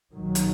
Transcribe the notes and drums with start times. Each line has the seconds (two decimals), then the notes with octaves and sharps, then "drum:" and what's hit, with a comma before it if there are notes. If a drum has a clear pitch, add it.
0.14 B1 A#2 D#3 F#3
0.35 drum: hi-hat